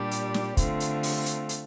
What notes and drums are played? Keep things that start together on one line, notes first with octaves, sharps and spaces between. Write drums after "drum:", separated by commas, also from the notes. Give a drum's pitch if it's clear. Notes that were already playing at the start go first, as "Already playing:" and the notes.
Already playing: A#2 G3 D4 G4
drum: hi-hat
drum: snare
D3 A3 C4 F4, drum: kick, hi-hat
drum: hi-hat
drum: open hi-hat
drum: hi-hat
drum: hi-hat